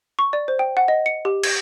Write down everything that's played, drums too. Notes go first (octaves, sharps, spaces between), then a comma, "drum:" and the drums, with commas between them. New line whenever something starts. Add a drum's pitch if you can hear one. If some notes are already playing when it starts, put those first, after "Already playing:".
C#6
D5
C5
G5
F#5
D#5
C#7
G4
G#6, drum: cymbal